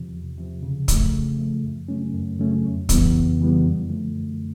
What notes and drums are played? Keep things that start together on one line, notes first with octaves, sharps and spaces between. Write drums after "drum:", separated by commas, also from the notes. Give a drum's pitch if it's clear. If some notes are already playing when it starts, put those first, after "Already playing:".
Already playing: E2 C3 F3
E2
C3 F3
C#3
F3 A3, drum: kick, hi-hat
C#3
F3 A3
F#2
C#3 F#3 A3 C#4
F#2
C#3 F#3 A3 C#4
F2
C#3 E3 G3 B3, drum: kick, hi-hat
F2
C#3 E3 G3 B3
F#2
D3 F3 A3
F#2